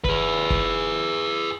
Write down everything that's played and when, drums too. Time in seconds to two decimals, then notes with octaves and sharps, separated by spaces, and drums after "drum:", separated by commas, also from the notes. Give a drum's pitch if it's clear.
0.04 G#4 B4, drum: kick
0.50 drum: kick